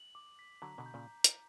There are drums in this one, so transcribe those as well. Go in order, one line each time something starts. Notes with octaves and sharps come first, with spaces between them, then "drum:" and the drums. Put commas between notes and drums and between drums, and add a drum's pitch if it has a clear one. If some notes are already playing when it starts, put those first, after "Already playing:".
Already playing: F#7
D6
B6
D3 F#3 A#5
B2 D3
G6
A#2 C#3
drum: hi-hat